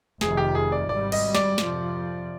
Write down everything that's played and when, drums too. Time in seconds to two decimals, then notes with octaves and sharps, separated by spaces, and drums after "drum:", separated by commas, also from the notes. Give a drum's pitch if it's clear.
0.21 F1 F2 C3 D#3 G#4, drum: snare
0.37 G4
0.55 G#4
0.72 D5
0.89 G#1 G#2 G3 D5
1.12 D#5, drum: cymbal
1.35 D5, drum: snare
1.58 F2 C3 F3, drum: snare